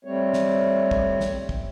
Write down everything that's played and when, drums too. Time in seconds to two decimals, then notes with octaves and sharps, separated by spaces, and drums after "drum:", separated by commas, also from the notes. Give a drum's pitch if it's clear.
0.05 G3 A3 C4 C#5
0.34 drum: snare
0.91 drum: kick
1.20 drum: snare
1.49 drum: kick